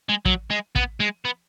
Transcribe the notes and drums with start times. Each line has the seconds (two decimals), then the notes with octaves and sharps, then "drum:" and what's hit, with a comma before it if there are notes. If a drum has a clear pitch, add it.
0.09 G#3
0.25 F#3, drum: kick
0.50 G#3
0.76 B3, drum: kick
1.00 G#3
1.25 B3